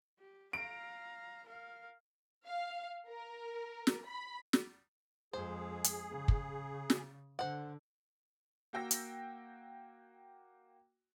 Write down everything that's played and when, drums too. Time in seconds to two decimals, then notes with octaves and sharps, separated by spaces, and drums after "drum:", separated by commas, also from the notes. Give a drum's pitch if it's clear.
0.19 G4
0.53 F5 A#5 D7
1.46 A#4 F5
2.46 F5
3.07 A#4
3.87 drum: snare
4.05 B5
4.53 drum: snare
5.33 F2 G#3 G#4 C5
5.84 drum: hi-hat
6.11 C#3
6.28 drum: kick
6.90 drum: snare
7.39 D3 C5 F#5
8.73 A#3 F#4 G5 E6 A#6
8.91 drum: hi-hat